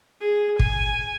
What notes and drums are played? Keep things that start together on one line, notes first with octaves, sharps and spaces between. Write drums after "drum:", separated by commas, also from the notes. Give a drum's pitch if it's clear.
G#4
G#5, drum: kick